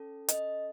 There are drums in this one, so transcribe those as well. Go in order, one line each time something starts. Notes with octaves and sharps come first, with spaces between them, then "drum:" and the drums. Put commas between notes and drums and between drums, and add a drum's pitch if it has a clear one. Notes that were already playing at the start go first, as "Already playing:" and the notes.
Already playing: C#4 A4
D#5, drum: hi-hat